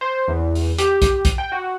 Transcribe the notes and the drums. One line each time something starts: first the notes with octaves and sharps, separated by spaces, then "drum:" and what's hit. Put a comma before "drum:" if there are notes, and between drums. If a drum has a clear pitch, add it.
C5
E2
drum: open hi-hat
G4, drum: hi-hat
drum: kick, hi-hat
drum: kick, hi-hat
G5
F#4